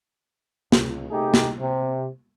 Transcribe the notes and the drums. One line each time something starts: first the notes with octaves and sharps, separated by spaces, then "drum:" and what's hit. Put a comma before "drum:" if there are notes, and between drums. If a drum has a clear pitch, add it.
C#2, drum: snare
C3 A3 D#4 G4 G#4
drum: snare
C3